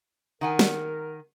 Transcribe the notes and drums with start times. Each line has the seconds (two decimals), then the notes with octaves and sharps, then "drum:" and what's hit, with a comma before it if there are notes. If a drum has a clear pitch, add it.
0.41 D#3 A#4 F#5 G#5
0.59 drum: snare